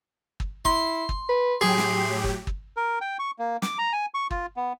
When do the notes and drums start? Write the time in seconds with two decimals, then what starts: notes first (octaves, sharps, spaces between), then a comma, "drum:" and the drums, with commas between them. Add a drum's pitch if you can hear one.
0.40 drum: kick
0.65 E4 C6, drum: kick
1.09 drum: kick
1.29 B4
1.61 A2 F#3 G4 G#4 C6
1.78 drum: snare
2.24 drum: kick
2.47 drum: kick
2.77 A#4
3.01 G5
3.19 C#6
3.39 A#3
3.62 D6, drum: snare
3.78 A#5
3.93 G#5
4.14 C#6
4.31 F4, drum: kick
4.56 B3